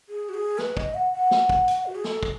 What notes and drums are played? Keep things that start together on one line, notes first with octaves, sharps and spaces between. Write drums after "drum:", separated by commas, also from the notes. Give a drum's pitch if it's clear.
G#4
F#4
G#4
B4, drum: snare
D#5, drum: kick
F#5
F#5
drum: snare
drum: kick
drum: hi-hat
F#4
G#4
A4, drum: snare
drum: kick